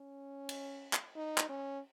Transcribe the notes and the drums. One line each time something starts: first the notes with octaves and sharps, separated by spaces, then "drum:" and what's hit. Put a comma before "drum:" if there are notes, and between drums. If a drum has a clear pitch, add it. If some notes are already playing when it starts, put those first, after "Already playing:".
Already playing: C#4
drum: cymbal
drum: clap
D#4
drum: clap
C#4